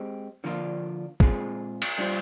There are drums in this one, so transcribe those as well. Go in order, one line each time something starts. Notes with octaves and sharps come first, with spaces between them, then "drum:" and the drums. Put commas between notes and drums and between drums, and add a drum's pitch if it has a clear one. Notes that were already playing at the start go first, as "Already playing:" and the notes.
Already playing: G#3 C4 G4
D3 F3 A#3 D4 F4
A#2 G#3 C4 F4 G#4, drum: kick
drum: cymbal
G3 D4 F4 C5